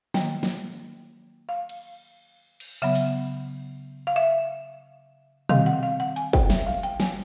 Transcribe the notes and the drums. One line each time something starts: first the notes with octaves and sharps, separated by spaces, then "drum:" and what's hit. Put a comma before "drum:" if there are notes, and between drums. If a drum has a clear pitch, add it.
D#3 F#3 A#3 G5, drum: snare
drum: snare
F5
drum: cymbal
drum: cymbal
C#3 F#3 B3 E5
drum: open hi-hat
F5
E5
D#3 G3 C4 F5, drum: tom B2
F#5
F5
F#5
G#5, drum: hi-hat
G5, drum: kick
E5, drum: snare
F5
G5, drum: hi-hat
G#5, drum: snare